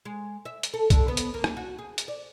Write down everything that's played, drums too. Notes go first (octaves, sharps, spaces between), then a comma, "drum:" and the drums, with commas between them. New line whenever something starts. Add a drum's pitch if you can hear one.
G#3
E5
drum: hi-hat
A4
D3, drum: kick C2, hi-hat
B3
drum: hi-hat
A#3
drum: rim click
F#4
G#4
drum: hi-hat
D5